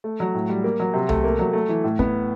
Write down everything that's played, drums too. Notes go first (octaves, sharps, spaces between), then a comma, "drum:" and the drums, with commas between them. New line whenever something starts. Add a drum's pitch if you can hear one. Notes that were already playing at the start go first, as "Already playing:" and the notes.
A3
F#3
A2
G3
A#3
F#3
C3
A3, drum: tom C2
A#3
F#3
A3
E3
A2
B3, drum: kick